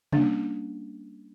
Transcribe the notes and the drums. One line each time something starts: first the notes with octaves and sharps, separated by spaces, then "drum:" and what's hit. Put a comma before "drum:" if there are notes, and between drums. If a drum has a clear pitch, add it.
G3 A#3 C#4 D4, drum: tom C3